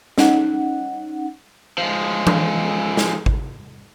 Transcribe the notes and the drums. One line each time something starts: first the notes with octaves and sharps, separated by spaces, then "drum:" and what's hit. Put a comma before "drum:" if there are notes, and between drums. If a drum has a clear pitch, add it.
C#4 D#4 F#5, drum: snare
F3 G#3
drum: tom E3
drum: snare
drum: kick G#1